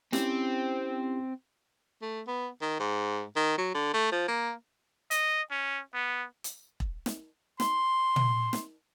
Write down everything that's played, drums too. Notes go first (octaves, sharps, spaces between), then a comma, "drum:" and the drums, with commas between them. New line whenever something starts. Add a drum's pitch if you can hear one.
C4 C#4 E4 G4, drum: snare
A3
B3
D#3
G#2
D#3
F#3
D3
A3
F3
A#3
D#5, drum: hi-hat
C#4
B3
drum: hi-hat
drum: kick E1
drum: snare
C6, drum: snare
drum: tom
drum: snare